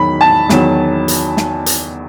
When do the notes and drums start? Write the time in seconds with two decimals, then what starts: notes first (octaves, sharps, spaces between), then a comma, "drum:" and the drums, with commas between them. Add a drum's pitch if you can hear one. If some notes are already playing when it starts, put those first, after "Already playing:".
Already playing: E2 D#3 F#3 B5
0.21 A5
0.49 E2 D#3 F#3, drum: snare
1.08 drum: hi-hat
1.37 drum: snare
1.66 drum: hi-hat